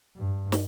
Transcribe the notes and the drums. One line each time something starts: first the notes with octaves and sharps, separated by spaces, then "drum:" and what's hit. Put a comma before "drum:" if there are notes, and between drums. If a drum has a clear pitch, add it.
G2
drum: snare